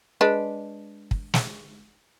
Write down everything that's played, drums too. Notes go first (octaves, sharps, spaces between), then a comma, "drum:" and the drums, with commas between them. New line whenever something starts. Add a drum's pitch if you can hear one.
G#3 D4 B4
drum: kick
drum: snare